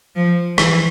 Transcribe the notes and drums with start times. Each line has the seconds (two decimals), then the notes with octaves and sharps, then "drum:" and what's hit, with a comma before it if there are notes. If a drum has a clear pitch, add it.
0.16 F3
0.58 E3, drum: rim click